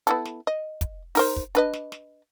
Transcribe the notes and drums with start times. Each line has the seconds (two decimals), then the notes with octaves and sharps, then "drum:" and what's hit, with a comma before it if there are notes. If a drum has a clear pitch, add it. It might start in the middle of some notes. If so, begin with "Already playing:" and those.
0.07 B3 E4 A4, drum: hi-hat
0.25 drum: snare
0.47 D#5
0.81 drum: kick, hi-hat
1.15 D#4 A#4 C5, drum: open hi-hat
1.36 drum: kick
1.55 D4 B4 D#5, drum: hi-hat
1.73 drum: snare
1.92 drum: snare